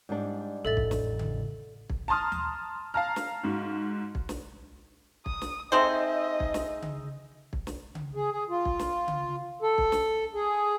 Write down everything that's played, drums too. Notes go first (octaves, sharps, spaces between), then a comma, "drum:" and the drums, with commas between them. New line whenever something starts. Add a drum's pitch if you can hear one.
G#2 G3 D4
A1 F2 A4 E5 A6
drum: kick
drum: snare
drum: tom C#3
drum: kick
A5 A#5 C6 D#6 F6
drum: tom D#2
F5 A5 A#5 F6
drum: snare
G#2 F#4
drum: kick
drum: snare
D#6, drum: kick
drum: snare
C4 D#4 G#4 A4 C5 D#5 E5
drum: kick
drum: snare
drum: tom C#3
drum: kick
drum: snare
drum: tom C#3
G#4
G#4
F4
drum: kick
drum: snare
drum: tom C#3
A4
drum: kick
drum: snare
G#4